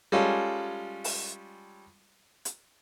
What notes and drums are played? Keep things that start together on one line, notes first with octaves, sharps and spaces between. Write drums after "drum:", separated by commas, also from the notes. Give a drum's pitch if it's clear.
G3 G#3 C#4 F4 A4
drum: open hi-hat
drum: hi-hat